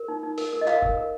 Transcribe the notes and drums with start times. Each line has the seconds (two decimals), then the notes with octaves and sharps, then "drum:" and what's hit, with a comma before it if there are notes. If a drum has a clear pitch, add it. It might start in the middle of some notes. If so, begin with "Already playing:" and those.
Already playing: A#4
0.08 D#4
0.23 D#4
0.38 A#4, drum: open hi-hat
0.53 A#4
0.61 D#5
0.67 A#4 F5, drum: clap
0.82 A#4, drum: kick F1
0.97 A#4